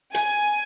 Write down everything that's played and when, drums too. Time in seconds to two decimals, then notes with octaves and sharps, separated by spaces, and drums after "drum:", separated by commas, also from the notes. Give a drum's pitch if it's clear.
0.14 G#5, drum: hi-hat